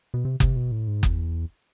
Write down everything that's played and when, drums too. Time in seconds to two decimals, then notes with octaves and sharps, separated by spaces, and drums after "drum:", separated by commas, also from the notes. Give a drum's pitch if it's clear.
0.14 B2
0.25 C3
0.40 C3, drum: kick F#1
0.56 B2
0.72 A2
0.87 G#2
1.03 E2, drum: kick F#1